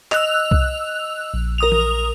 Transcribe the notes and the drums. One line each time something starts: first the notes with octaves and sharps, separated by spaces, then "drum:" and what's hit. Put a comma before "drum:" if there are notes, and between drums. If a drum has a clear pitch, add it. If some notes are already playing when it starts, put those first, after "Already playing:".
D#5 E6 F#6 F7, drum: clap
drum: kick C2
A#1
A#4 D#6 F7
drum: tom E3